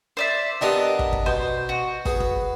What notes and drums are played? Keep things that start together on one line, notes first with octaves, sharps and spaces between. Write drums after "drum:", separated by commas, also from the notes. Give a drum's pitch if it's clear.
C5 D5 E5
B3 D4 G4 A#4 D#5 F#5
drum: kick
drum: kick
B2 C5
F#4
B3 G#4, drum: kick
drum: kick